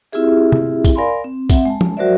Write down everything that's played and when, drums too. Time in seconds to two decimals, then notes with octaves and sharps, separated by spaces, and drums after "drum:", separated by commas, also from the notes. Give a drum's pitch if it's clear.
0.12 C4 E4 F4 G4 G#4 E5
0.52 drum: tom
0.85 drum: kick, tambourine
0.95 A#4 D5 F5 G#5 B5 C6
1.24 C4
1.50 C4 E5 F#5, drum: kick, tambourine
1.65 G#3 A5
1.81 drum: tom
1.97 F#3 F#4 A#4 C5 D5 E5